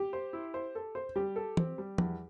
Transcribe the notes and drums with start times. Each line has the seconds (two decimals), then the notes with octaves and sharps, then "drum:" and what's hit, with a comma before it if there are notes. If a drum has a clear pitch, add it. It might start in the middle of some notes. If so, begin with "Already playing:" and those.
Already playing: G4
0.13 C5
0.33 E4
0.54 C5
0.75 A4
0.95 C5
1.16 G3 G4
1.36 A4
1.57 C4, drum: tom
1.78 G3
1.98 E2, drum: tom F3